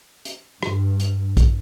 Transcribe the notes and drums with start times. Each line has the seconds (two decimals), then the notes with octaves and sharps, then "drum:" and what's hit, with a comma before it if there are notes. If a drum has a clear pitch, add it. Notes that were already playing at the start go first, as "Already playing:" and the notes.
0.25 drum: hi-hat
0.63 G2, drum: rim click
1.00 drum: hi-hat
1.37 drum: kick A#1, hi-hat